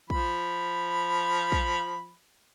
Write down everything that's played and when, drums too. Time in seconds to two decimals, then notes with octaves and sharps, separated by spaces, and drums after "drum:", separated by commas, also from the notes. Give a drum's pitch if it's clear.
0.10 F3 B5, drum: kick
1.52 drum: kick